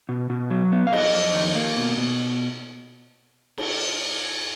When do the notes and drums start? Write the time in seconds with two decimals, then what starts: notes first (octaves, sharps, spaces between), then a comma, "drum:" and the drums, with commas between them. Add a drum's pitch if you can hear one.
0.09 B2
0.30 B2
0.50 F#3
0.72 B3
0.87 F5
0.93 F2 D#5, drum: cymbal
1.14 F2
1.34 D#3
1.55 A#3
1.77 B2
1.97 B2
3.58 drum: cymbal